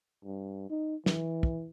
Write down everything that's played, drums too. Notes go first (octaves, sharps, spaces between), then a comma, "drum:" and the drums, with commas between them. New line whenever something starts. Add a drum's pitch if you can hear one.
G2
D#4
E3, drum: snare
drum: kick